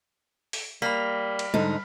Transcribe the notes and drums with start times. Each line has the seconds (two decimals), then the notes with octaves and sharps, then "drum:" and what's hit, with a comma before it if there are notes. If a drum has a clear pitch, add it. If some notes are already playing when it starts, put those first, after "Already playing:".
0.53 drum: open hi-hat
0.82 G3 A#3 B5 F6 B6
1.39 drum: cymbal
1.54 G#2 D3 D#4, drum: tom G3